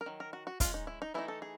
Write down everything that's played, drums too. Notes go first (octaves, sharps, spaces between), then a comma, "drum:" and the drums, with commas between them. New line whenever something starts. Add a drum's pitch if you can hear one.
A#4
D#3 F#3
A#4
F#4
F#4
G#3 C#4 F4, drum: kick, hi-hat
D#4
E4
D#4
E3 A3 C4 D#4 E4
A4
G#4